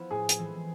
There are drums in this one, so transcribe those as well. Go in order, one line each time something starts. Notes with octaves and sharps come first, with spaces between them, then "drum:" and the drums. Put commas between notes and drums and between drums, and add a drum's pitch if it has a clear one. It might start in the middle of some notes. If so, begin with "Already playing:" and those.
Already playing: F3 B3 E4
A2 G#4
drum: hi-hat
E3 G#3 C4 E4